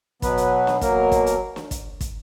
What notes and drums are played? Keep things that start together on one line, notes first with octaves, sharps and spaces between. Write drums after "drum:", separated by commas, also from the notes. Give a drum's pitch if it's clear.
B2 F#3 B3 B4, drum: kick, hi-hat
drum: hi-hat
drum: snare
B2 F#3 A#3 A#4, drum: kick, hi-hat
drum: kick, hi-hat
drum: hi-hat
drum: snare
drum: kick, hi-hat
drum: kick, hi-hat